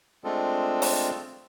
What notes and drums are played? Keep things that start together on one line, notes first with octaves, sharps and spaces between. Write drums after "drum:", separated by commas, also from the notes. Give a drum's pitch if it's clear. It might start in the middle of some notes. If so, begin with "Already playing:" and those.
G#3 A3 C4 D4 F4 A4
drum: open hi-hat